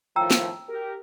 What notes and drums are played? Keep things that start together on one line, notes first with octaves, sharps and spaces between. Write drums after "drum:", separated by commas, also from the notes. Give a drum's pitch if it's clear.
A2 D#3 F3 G5 A#5 E6
drum: snare
G4 A#4